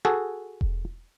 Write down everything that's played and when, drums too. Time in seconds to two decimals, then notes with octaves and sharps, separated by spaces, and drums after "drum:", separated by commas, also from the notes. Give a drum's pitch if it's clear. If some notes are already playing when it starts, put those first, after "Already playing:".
0.05 F#4 G#4 A4
0.61 drum: kick E1